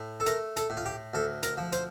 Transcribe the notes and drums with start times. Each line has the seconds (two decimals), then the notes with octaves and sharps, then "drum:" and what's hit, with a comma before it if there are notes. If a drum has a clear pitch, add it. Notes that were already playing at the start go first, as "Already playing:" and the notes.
Already playing: A2
0.20 A4
0.26 A3 A#4, drum: hi-hat
0.57 A4, drum: hi-hat
0.70 A2
0.77 F4
0.86 G4
1.14 D2 A4
1.43 A#4, drum: hi-hat
1.57 F3
1.72 C5, drum: hi-hat